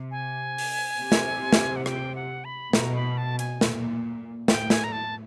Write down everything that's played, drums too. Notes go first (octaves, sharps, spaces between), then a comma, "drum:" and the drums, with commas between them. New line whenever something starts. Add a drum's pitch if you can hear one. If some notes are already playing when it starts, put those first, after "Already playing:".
Already playing: C3
G#5
drum: open hi-hat
C3
drum: snare
drum: snare
F#5
G5, drum: rim click
F#5
B5
B2 A#5, drum: snare
B5
A5
G#5, drum: hi-hat
A#2, drum: snare
A2 G5, drum: snare
G#5, drum: snare
A#5
A5